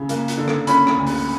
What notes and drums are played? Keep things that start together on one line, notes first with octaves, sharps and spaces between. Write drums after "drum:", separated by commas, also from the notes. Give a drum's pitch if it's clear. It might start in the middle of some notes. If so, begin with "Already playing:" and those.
Already playing: C#3
A#3, drum: hi-hat
drum: hi-hat
D3
drum: rim click
C#4 B5, drum: hi-hat
drum: rim click
D2
drum: open hi-hat